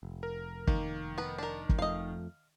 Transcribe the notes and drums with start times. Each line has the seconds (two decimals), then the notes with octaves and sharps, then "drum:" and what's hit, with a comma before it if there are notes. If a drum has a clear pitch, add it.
0.03 F1
0.23 A#4
0.67 D#3 A#3, drum: kick
1.18 B3 B4
1.38 D4 A#4
1.69 drum: kick
1.79 F2 F3 A3 D#5 F5